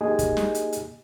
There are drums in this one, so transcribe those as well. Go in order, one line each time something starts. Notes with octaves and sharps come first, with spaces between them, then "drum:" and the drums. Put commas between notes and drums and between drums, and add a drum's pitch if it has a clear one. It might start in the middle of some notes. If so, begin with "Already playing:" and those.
A#3 D#4 G4 G#4 D#5 G#5
drum: kick, hi-hat
drum: snare
drum: hi-hat
drum: hi-hat